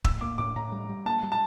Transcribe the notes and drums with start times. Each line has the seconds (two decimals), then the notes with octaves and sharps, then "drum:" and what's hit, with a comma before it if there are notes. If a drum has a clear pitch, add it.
0.04 A2 E6, drum: kick
0.21 A#3 D6
0.38 A2 D6
0.55 A2 A#5
0.72 G3
0.89 G3
1.06 A#3 A5
1.23 G3
1.32 A5